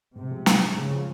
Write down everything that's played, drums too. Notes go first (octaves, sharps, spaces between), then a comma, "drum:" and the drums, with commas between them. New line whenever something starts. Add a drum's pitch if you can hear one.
G#2 C3
F3 G#3
G#2, drum: snare
F3 G#3
G#2 C#3
F3 G#3